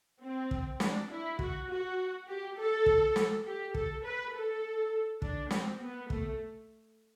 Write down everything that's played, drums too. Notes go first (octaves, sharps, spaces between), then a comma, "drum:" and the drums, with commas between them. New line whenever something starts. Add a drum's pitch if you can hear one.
C4
drum: kick
D4, drum: snare
E4
F#4, drum: kick
F#4
G4
A4
drum: kick
drum: snare
G4
A4, drum: kick
B4
A4
D4, drum: kick
C4, drum: snare
B3
A3, drum: kick